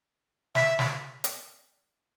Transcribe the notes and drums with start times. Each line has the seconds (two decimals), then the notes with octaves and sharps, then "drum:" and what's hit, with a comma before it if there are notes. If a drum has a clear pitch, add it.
0.55 E5, drum: snare
0.79 drum: snare
1.24 drum: hi-hat